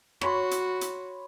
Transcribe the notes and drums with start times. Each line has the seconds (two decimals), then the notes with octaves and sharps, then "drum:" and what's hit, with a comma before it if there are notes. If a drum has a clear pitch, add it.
0.21 F#4 C#5 B5 C6, drum: rim click
0.51 drum: hi-hat
0.81 drum: hi-hat